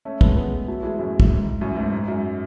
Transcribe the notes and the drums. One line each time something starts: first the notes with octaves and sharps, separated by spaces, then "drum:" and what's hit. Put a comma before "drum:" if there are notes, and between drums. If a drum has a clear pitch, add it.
A3 C#4
G#3 B3, drum: kick
G#3 B3
F#3 A3
E3 G#3
F#2 A2
drum: kick
G#2
F#2 A2
G#2 B2
G#2
F#2